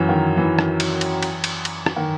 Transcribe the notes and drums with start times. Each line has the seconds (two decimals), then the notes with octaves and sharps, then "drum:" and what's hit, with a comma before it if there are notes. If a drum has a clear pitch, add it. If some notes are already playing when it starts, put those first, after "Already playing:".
Already playing: F#2 E3 F#3
0.09 D#3
0.37 E3
0.59 drum: rim click
0.80 drum: cymbal
1.01 drum: cymbal
1.22 drum: cymbal
1.44 drum: cymbal
1.65 drum: cymbal
1.86 drum: rim click
1.96 D#3